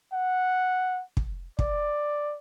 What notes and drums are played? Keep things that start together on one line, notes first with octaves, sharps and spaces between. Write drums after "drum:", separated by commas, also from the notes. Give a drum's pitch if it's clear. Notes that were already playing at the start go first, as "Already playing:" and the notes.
F#5
drum: kick
D5, drum: kick